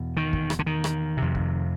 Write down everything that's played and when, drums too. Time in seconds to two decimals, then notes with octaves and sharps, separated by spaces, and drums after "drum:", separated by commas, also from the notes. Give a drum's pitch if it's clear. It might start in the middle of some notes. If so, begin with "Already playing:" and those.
Already playing: E2 B2
0.17 D#3
0.33 drum: kick
0.50 drum: rim click
0.59 D3
0.66 D#3
0.84 drum: rim click
1.17 F2 C3
1.35 drum: kick